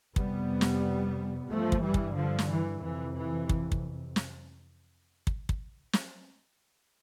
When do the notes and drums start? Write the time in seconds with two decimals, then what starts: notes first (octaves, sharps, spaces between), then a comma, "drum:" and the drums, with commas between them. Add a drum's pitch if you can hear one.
0.16 F2 C3 G3 B3, drum: kick
0.61 drum: snare
1.49 G2 F3 A3
1.72 drum: kick
1.83 E3 G3
1.94 drum: kick
2.16 D3 F3
2.39 drum: snare
2.49 E3
2.83 F2 C3 E3
3.16 E3
3.49 drum: kick
3.72 drum: kick
4.16 drum: snare
5.27 drum: kick
5.49 drum: kick
5.93 drum: snare